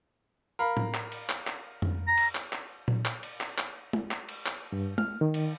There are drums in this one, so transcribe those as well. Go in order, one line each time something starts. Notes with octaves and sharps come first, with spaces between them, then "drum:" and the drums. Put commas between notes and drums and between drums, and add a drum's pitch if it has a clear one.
A#4 F5 B5
drum: tom A2
drum: clap
drum: cymbal
drum: clap
drum: clap
drum: tom F2
A#5
drum: cymbal
drum: clap
drum: clap
drum: tom A#2
drum: clap
drum: cymbal
drum: clap
drum: clap
drum: tom G#3
drum: clap
drum: cymbal
drum: clap
G2
F6, drum: tom G#3
D#3
drum: cymbal